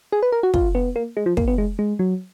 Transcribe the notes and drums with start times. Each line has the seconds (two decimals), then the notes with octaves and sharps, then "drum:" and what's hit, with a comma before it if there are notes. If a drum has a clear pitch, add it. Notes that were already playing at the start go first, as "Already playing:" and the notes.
0.12 G#4
0.23 B4
0.32 A#4
0.43 F#4
0.54 F4, drum: kick
0.75 B3
0.96 A#3
1.17 G#3
1.26 F3
1.37 A#3, drum: kick
1.48 B3
1.58 G#3
1.79 G#3
1.99 F#3